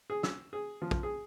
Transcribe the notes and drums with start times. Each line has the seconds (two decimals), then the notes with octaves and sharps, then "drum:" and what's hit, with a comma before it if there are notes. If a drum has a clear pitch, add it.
0.10 G#4
0.23 E6, drum: snare
0.53 G#4
0.82 F3
0.91 drum: kick
1.03 G#4